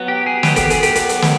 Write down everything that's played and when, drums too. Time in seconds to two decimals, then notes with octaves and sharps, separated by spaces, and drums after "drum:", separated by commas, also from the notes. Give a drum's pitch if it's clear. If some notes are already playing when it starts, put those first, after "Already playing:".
Already playing: F#3 B3
0.08 G4
0.26 G#4
0.43 F#3 B3 G4, drum: snare
0.56 G4, drum: kick, hi-hat
0.70 G#4, drum: hi-hat
0.83 G4, drum: hi-hat
0.95 F#3 B3, drum: hi-hat
1.09 drum: hi-hat
1.22 drum: snare